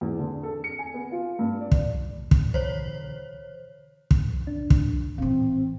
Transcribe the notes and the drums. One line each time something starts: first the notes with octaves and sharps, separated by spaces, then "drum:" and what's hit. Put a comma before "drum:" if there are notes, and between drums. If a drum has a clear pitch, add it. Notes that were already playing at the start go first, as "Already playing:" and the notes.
E2
D3
A4
C#7
G#5
B3
F4
G2
D5
drum: kick
drum: kick
B2 D3 E3 C5 C#5
drum: kick
D4
drum: kick
A1 A#2 E3 C4